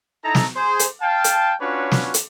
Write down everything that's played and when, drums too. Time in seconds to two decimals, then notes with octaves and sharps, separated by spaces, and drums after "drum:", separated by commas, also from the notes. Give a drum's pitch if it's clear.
0.25 D#4 E4 A4 A#5
0.35 drum: snare
0.56 G#4 C5
0.79 drum: hi-hat
1.02 F5 G5 A5
1.24 drum: hi-hat
1.61 C#4 D4 F4 F#4 B4 C#5
1.92 drum: snare
2.14 drum: hi-hat